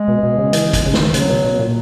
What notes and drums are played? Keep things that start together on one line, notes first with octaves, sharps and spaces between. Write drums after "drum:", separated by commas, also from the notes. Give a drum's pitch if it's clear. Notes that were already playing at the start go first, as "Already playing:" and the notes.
Already playing: G#3
B2
B2
C#3
E3, drum: hi-hat
drum: kick, hi-hat
C#3
D#3, drum: snare
C#3 F#3, drum: hi-hat
B2
B2
A#2